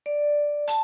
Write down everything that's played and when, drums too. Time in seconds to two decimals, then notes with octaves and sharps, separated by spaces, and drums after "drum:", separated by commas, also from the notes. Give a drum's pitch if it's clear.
0.06 D5
0.68 A5, drum: hi-hat